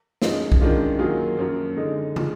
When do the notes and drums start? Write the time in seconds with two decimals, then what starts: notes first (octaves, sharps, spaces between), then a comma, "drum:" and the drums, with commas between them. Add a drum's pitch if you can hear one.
0.22 F#2 F3 G#3 D#4, drum: snare
0.52 drum: kick B1
0.61 F#2 D#3 G#3 D4 F4
0.99 D#3 F#3 A#3 F4 G#4
1.37 F#2 F3 A#3
1.76 D3 G#3 D#4
2.16 F3 G#3, drum: tom